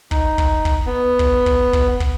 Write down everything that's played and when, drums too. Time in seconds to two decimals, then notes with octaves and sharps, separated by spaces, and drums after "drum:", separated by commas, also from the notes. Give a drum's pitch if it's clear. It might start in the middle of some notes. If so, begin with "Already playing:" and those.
0.11 D#4, drum: kick
0.38 drum: kick
0.65 drum: kick
0.86 B3
1.19 drum: kick
1.46 drum: kick
1.73 drum: kick
2.00 drum: kick